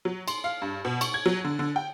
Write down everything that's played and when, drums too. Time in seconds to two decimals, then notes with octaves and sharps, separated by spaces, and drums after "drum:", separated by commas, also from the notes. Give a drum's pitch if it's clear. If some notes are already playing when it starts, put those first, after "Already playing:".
0.05 F#3
0.28 C6, drum: cymbal
0.44 F5
0.62 G2
0.85 B2
1.01 C#6, drum: cymbal
1.14 G#6
1.26 F#3
1.44 D3
1.59 D3
1.76 G5